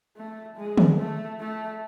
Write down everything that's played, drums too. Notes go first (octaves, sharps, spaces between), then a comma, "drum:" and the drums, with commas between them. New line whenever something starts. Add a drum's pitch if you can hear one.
A3
G#3
drum: tom
A3
A3